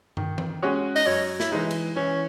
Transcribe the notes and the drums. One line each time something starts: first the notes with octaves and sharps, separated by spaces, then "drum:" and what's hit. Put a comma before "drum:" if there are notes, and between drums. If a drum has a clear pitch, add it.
D#3, drum: tom
drum: tom E3
G#3 C#4 F#4 C#5
D#5, drum: open hi-hat
F#2 C#5
E4, drum: snare
E3 G#3 D#4
drum: cymbal
E3 C#4